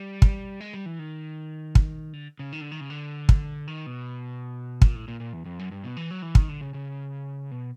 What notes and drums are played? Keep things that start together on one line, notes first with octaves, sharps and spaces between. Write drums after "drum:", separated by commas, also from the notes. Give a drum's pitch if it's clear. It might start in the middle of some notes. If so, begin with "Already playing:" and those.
Already playing: G3
drum: kick
G#3
G3
E3
D#3
drum: kick
D3
C#3
D#3
D3
D#3
C#3
D3
drum: kick
D#3
B2
A#2, drum: kick
A2
A#2
A#2
E2
F2
F#2
G2
B2
E3
F#3
E3
D#3, drum: kick
D3
C#3
C#3
B2